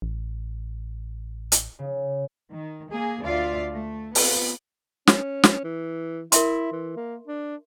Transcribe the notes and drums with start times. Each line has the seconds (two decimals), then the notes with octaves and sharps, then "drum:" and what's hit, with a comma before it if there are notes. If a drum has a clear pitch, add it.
0.02 A1
1.52 drum: hi-hat
1.79 C#3
2.52 D#3
2.90 A#3 G#4
3.24 D2 F4 D5 E5 F5
3.73 A3
4.15 B3 C4 F4 B4, drum: open hi-hat
5.07 C#4, drum: snare
5.44 drum: snare
5.64 E3
6.32 E4 A#4 E5 C6, drum: hi-hat
6.72 E3
6.97 A#3
7.27 D4